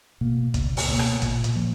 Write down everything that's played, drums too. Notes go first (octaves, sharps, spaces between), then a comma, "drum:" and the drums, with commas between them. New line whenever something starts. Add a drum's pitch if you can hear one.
B2 A#3
C#2, drum: kick, hi-hat
drum: open hi-hat
B2 A#3
drum: rim click
A#2, drum: kick, hi-hat
drum: hi-hat
F3 A#3